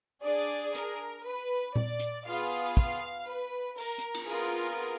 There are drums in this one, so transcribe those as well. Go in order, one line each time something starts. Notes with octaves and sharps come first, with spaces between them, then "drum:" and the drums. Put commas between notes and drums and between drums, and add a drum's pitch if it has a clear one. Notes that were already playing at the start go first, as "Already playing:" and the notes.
D4 G#4 D5
A#4, drum: hi-hat
B4
D5, drum: tom A#2
drum: hi-hat
B3 F4 G#4 F5
F5, drum: kick
B4
A#4, drum: open hi-hat
drum: hi-hat
drum: cymbal
B3 F4 G#4 A#4